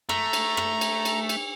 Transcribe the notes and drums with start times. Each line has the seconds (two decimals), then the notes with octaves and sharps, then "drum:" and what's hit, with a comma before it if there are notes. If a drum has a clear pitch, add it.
0.09 A3 A#5, drum: rim click
0.33 drum: cymbal
0.57 drum: rim click
0.81 drum: cymbal
1.05 drum: cymbal
1.29 drum: cymbal